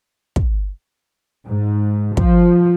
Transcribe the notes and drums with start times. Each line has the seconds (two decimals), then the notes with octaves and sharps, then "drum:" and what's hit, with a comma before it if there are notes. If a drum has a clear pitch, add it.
0.36 drum: kick
1.47 G#2
2.17 F3, drum: kick